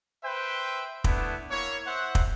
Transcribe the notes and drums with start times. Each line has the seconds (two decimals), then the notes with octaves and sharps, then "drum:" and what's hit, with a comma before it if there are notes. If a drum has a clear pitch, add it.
0.24 B4 C5 E5 G5
1.04 A3 B3 D4 E4, drum: kick
1.50 A#3 E4 C#5
1.86 C5 E5 F#5
2.15 drum: kick